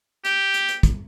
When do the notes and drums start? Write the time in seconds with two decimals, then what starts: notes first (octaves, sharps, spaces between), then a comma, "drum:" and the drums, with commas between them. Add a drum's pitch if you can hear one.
0.25 G4, drum: hi-hat
0.54 drum: hi-hat
0.69 drum: hi-hat
0.83 drum: kick, hi-hat